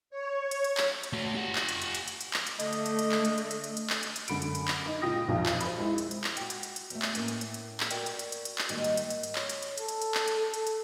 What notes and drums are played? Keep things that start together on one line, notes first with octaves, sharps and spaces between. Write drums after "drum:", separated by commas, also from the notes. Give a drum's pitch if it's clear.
C#5
drum: hi-hat
drum: hi-hat
drum: clap
drum: hi-hat
A3 F#4
G4 F#5
drum: clap
drum: hi-hat
drum: hi-hat
drum: hi-hat
drum: hi-hat
drum: hi-hat
drum: clap
drum: hi-hat
D3 A3 D#5, drum: hi-hat
drum: hi-hat
drum: hi-hat
drum: hi-hat
drum: clap
drum: hi-hat
drum: hi-hat
drum: hi-hat
drum: hi-hat
drum: hi-hat
drum: clap
drum: hi-hat
drum: hi-hat
F#2 D3 B5 C#7 D7, drum: hi-hat
drum: hi-hat
drum: hi-hat
drum: clap
D#4
C#2 A#2 F4 G5 D#6 A#6
B1 F2
drum: clap
C5 B5, drum: hi-hat
G#3 E4
drum: hi-hat
drum: hi-hat
drum: clap
F#4 G5, drum: hi-hat
drum: hi-hat
drum: hi-hat
drum: hi-hat
E2 A3, drum: hi-hat
drum: clap
A2 A#3 C#4 G#5, drum: hi-hat
drum: hi-hat
drum: hi-hat
drum: hi-hat
drum: clap
F#4 A#4 D5 G5, drum: hi-hat
drum: hi-hat
drum: hi-hat
drum: hi-hat
drum: hi-hat
drum: clap
G#2 D#3 G3 A#3 D#4, drum: hi-hat
drum: hi-hat
drum: hi-hat
drum: hi-hat
drum: hi-hat
C#5, drum: clap
drum: hi-hat
drum: hi-hat
A4, drum: hi-hat
drum: hi-hat
drum: hi-hat
drum: clap
drum: hi-hat
A4
drum: hi-hat
drum: hi-hat